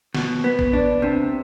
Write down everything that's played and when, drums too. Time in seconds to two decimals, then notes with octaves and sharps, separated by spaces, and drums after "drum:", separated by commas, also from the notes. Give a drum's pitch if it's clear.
0.15 B2, drum: snare
0.44 B3
0.59 drum: kick
0.73 D4
1.02 C3